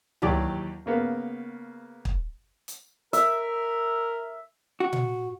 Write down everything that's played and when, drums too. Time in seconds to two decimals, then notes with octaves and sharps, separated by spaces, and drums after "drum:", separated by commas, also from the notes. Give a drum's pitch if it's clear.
0.22 D#2 E3 F#3 G4 D5 D6, drum: tom C#2
0.86 C#3 A#3 B3
2.05 drum: kick
2.68 drum: hi-hat
3.13 A#4 E5, drum: hi-hat
4.80 F#4
4.93 drum: tom A#2